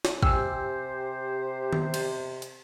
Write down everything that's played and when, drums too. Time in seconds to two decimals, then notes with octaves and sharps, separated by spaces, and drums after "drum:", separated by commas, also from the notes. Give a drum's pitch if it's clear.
0.05 drum: snare
0.23 C3 G4 C5 G5 G#5 E6, drum: kick A1
1.73 drum: tom D#3
1.94 drum: cymbal
2.42 drum: hi-hat